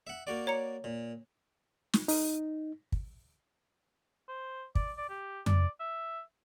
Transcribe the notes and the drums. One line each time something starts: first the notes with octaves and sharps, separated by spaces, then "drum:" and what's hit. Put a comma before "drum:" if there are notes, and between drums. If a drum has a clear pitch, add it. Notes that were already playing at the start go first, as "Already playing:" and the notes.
E5 F#5
A#3 F#4 D5
C#5 A#5 C#7
A#2
drum: snare
D#4, drum: open hi-hat
drum: kick
C5
D5, drum: kick
D5
G4
D5, drum: tom F2
E5